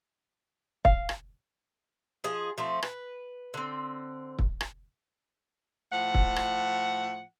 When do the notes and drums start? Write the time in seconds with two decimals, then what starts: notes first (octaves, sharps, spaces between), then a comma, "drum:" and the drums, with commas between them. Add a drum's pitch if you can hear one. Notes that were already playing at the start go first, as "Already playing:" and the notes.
0.85 F5, drum: kick
1.09 drum: rim click
2.24 F3 G#4 D#5
2.58 F3 A3 C4
2.83 B4, drum: rim click
3.54 D3 C4
4.39 drum: kick
4.61 drum: rim click
5.92 A2 F3 F#5
6.14 drum: kick
6.36 drum: rim click